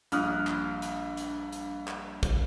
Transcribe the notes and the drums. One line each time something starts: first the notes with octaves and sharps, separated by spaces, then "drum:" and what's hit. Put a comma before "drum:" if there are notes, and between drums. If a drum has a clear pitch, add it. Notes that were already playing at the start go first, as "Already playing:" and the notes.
A#1 G2 D#6 F6 F#6, drum: hi-hat
drum: clap
drum: hi-hat
drum: hi-hat
drum: hi-hat
drum: clap
drum: kick, hi-hat